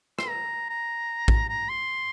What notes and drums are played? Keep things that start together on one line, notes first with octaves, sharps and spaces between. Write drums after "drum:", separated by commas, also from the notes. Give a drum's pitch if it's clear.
C6, drum: rim click
A#5
A#5
drum: kick A1
A#5
C6